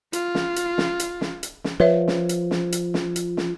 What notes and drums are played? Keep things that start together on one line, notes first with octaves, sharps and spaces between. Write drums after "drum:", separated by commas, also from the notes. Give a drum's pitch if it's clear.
F4, drum: hi-hat
drum: snare
drum: hi-hat
drum: snare
drum: hi-hat
drum: snare
drum: hi-hat
drum: snare
F3 B4 C#5 E5
drum: snare
drum: hi-hat
drum: snare
drum: hi-hat
drum: snare
drum: hi-hat
drum: snare